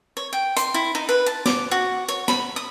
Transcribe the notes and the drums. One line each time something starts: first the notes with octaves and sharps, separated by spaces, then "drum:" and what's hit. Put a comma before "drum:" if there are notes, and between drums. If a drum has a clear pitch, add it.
C#5
G5
C6, drum: hi-hat
E4
D#4
B4
A5
D6, drum: snare
F#4
C#5
B5, drum: snare
D#6